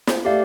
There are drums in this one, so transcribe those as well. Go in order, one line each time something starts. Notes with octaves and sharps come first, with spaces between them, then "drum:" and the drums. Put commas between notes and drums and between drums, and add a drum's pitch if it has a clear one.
drum: snare
A3 G4 D5 F5